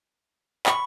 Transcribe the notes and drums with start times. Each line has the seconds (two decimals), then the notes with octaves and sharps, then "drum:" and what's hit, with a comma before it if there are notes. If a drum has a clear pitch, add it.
0.66 B5 C#6, drum: clap